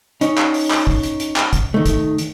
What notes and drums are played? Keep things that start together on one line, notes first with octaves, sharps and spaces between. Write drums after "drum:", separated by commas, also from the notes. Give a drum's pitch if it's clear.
C#4 D#4, drum: hi-hat
drum: clap
drum: open hi-hat
drum: clap
drum: kick
drum: hi-hat
drum: hi-hat
drum: clap
drum: kick, hi-hat
D#3 A3
drum: kick, hi-hat
drum: hi-hat